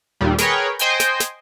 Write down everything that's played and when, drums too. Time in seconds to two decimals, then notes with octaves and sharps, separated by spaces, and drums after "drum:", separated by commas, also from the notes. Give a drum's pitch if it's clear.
0.21 D#2 A#2 G3
0.38 G#4 A#4 B4 C#5 G5, drum: snare
0.79 C5 D#5 G5 G#5 G6, drum: hi-hat
1.00 drum: snare
1.20 drum: snare